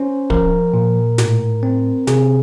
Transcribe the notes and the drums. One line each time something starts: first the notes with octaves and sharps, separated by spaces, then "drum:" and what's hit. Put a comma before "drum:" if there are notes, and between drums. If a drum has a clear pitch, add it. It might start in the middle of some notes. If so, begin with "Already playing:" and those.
Already playing: C#4 C5
F3 A#4, drum: kick
A#2
A2, drum: snare
C4
C3 G#4, drum: snare